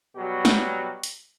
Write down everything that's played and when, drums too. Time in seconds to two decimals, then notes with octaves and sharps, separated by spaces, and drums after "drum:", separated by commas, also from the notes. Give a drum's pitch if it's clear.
0.15 B2 F#3 G3 F#4
0.45 drum: snare
1.03 drum: hi-hat